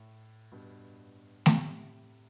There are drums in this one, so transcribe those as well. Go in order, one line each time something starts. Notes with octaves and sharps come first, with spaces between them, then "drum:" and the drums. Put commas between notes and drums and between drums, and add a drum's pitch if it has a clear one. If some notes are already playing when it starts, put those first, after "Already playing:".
Already playing: A2
G2 B2
A2 C3, drum: snare A3